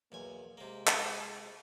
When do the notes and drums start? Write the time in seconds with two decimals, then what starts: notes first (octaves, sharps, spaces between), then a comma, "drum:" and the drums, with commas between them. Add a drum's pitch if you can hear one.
0.12 B1 E2 A#3 G#5
0.57 C3 G#3 A#3
0.87 drum: clap